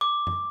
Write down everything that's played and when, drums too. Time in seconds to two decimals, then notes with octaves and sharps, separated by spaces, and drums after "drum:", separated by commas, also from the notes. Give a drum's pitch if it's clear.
0.01 D6
0.27 drum: tom F#2